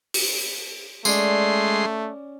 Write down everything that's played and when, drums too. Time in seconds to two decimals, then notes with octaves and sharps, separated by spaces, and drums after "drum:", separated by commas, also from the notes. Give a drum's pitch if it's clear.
0.14 drum: open hi-hat
1.05 G#3 A3 C#4 D5 C6, drum: tambourine